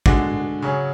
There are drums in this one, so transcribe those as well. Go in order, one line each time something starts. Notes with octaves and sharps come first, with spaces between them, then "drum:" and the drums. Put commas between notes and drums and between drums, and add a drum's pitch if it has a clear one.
D3 G#3 D4 F#4, drum: kick
C#3 F#3 C#4 G#4